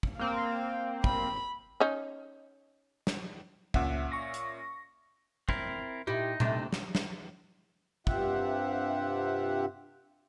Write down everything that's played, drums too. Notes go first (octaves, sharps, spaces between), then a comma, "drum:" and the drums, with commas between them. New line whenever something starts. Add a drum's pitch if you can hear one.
drum: kick
A#3 C4 F5
B5, drum: kick
C#4 D#4
drum: snare
C#2 A#2 C#4 E5 F#5, drum: kick
C#6 A#6
drum: hi-hat
C4 E4 A#4, drum: kick
A#2 D#4 E4 G4
C3 A3 D4, drum: tom A#2
drum: snare
drum: snare
G2 C3 F4 G4 E5 F#5, drum: kick